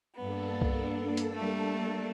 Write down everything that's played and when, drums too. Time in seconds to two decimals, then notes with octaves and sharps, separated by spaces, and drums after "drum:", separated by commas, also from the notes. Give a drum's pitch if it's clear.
0.15 G2 A#3 B3 D4 A4
0.62 drum: kick C2
1.17 drum: hi-hat
1.34 G3 A3